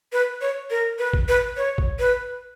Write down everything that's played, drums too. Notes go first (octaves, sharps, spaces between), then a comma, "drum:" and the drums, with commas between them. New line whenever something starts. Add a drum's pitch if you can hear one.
B4
C#5
A#4
B4
drum: kick A1
B4
C#5
drum: kick A1
B4